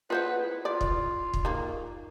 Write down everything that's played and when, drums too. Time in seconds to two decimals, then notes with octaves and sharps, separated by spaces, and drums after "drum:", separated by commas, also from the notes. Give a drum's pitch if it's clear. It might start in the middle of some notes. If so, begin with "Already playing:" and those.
0.10 F4 B4 C5 F#5
0.39 E4
0.65 F4 D5
0.81 drum: kick
1.34 drum: kick
1.45 D#3 A#3